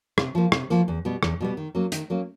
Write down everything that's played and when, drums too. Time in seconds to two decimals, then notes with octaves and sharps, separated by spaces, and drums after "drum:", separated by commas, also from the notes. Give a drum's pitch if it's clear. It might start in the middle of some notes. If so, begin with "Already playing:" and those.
0.18 C3, drum: rim click
0.35 F3 A#3
0.52 C3, drum: rim click
0.70 F3 A#3
0.88 E2
1.05 B2 G3 B3
1.23 E2, drum: rim click
1.40 B2 G3 B3
1.57 D#3
1.75 F#3 A#3 C#4
1.92 D#3, drum: hi-hat
2.10 F#3 A#3 C#4